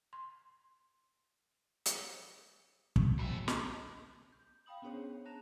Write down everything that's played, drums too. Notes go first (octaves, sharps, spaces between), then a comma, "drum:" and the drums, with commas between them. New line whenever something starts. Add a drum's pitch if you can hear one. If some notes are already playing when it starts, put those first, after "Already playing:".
C6
drum: hi-hat
drum: kick
D#2 B2 G#3 E5 B5
drum: snare
G6
F5 G5 B5 D#6 F#7
B3 C#4 D4 G#4 C5 C#5
A5 A#5 F#6 A#6 E7 F7